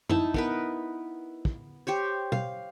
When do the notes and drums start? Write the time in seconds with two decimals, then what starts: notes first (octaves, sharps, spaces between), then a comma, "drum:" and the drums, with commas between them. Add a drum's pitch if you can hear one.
0.09 D#4 E4 A5, drum: tom F#2
0.34 B3 A#4 B4, drum: kick
1.45 drum: kick
1.87 G4 C5 C#5
2.32 F5, drum: tom B2